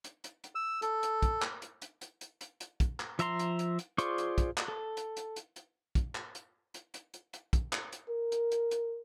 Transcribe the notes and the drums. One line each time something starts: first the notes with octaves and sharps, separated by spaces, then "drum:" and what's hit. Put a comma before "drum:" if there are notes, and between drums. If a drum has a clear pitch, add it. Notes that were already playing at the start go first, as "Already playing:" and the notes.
drum: hi-hat
drum: hi-hat
drum: hi-hat
E6
A4, drum: hi-hat
drum: hi-hat
drum: kick, hi-hat
drum: clap
drum: hi-hat
drum: hi-hat
drum: hi-hat
drum: hi-hat
drum: hi-hat
drum: hi-hat
drum: kick, hi-hat
drum: clap
F3 E5 A#5 C6, drum: hi-hat
drum: hi-hat
drum: hi-hat
drum: hi-hat
F4 G#4 C5 D5 C#6, drum: hi-hat
drum: hi-hat
drum: kick, hi-hat
drum: clap
A4
drum: hi-hat
drum: hi-hat
drum: hi-hat
drum: hi-hat
drum: kick, hi-hat
drum: clap
drum: hi-hat
drum: hi-hat
drum: hi-hat
drum: hi-hat
drum: hi-hat
drum: kick, hi-hat
drum: clap
drum: hi-hat
A#4
drum: hi-hat
drum: hi-hat
drum: hi-hat